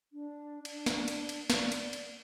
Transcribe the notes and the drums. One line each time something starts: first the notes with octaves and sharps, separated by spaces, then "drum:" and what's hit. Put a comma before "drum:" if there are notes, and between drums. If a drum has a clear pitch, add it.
D4
D4, drum: cymbal
drum: snare
drum: cymbal
drum: cymbal
D5, drum: snare
drum: cymbal
drum: cymbal